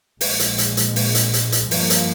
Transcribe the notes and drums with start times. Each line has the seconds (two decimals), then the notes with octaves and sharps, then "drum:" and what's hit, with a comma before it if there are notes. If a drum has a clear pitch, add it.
0.21 A#1 A#2 G#3, drum: open hi-hat
0.39 drum: hi-hat
0.58 drum: hi-hat
0.77 drum: hi-hat
0.96 drum: open hi-hat
1.15 drum: hi-hat
1.33 drum: hi-hat
1.52 drum: hi-hat
1.71 G2 F3 A#3, drum: open hi-hat
1.90 drum: hi-hat